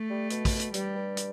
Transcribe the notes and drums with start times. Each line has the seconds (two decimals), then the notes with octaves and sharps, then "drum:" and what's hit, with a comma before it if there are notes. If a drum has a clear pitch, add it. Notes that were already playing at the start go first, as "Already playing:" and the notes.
Already playing: A3
0.10 G3
0.30 B2, drum: hi-hat
0.45 drum: kick, open hi-hat
0.59 drum: hi-hat
0.74 G2 G3, drum: hi-hat
0.95 G2
1.17 drum: hi-hat